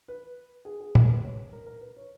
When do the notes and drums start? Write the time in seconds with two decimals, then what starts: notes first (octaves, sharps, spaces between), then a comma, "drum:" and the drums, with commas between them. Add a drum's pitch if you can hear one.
0.08 B4
0.65 G#4
0.80 G#4
0.95 A#4, drum: tom
1.10 B4
1.23 C#5
1.53 A#4
1.66 A#4
1.81 B4
1.96 C#5